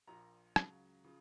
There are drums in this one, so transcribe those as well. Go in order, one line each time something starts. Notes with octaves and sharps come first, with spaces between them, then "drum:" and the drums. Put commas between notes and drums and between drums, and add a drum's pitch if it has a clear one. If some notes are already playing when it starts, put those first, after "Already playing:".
A#1 A#2 F3 A#5
C#2 C#3 F#3, drum: rim click
C#3 F3